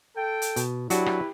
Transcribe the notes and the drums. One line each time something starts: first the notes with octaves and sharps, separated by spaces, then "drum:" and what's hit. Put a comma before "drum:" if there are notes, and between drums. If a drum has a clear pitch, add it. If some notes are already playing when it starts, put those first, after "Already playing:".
A4 G5
drum: hi-hat
B2, drum: hi-hat
F#3 D4 E4 F#4 G4 B4, drum: hi-hat
drum: rim click